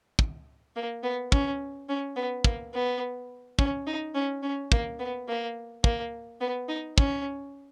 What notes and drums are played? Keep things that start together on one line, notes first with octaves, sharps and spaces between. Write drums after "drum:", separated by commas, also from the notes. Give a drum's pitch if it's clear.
drum: kick
A#3
B3
C#4, drum: kick
C#4
B3
A#3, drum: kick
B3
C#4, drum: kick
D#4
C#4
C#4
A#3, drum: kick
B3
A#3
A#3, drum: kick
B3
D#4
C#4, drum: kick